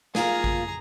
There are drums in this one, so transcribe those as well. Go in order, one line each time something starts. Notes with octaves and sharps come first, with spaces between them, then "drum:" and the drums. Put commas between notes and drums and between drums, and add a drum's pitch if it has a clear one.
A#3 F4 G#4 A#5, drum: snare
drum: kick G#1